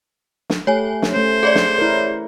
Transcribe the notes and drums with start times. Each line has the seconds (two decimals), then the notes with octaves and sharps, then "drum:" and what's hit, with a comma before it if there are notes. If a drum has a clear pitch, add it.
0.50 drum: snare
0.67 A3 G4 C#5 G#5
1.02 drum: snare
1.12 A3 C#4 C5
1.43 G#4 C#5 D5
1.55 drum: snare
1.78 E4 A#4